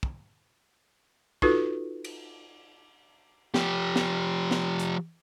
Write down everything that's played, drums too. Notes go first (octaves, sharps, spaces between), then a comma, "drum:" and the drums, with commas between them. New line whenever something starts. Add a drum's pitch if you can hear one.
drum: kick
D#4 F4 F#4 A4 B4, drum: kick
drum: cymbal
F3 G4, drum: snare
drum: snare
drum: snare
drum: hi-hat